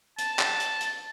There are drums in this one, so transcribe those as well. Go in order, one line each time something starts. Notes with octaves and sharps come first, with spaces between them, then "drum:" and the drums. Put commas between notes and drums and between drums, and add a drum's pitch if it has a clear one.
A5, drum: hi-hat
drum: clap
drum: hi-hat
drum: hi-hat